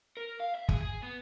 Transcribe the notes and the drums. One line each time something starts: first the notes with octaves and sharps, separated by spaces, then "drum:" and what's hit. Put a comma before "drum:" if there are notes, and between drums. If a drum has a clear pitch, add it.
A#4
F5
E5
G#4, drum: kick
G#4
B3